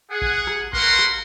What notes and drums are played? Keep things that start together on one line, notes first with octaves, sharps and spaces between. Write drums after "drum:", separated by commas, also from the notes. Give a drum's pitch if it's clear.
G#4 F#5
drum: kick A1
drum: rim click
A#3 F#4 A#4 B4 F#5 C6, drum: kick A1
drum: rim click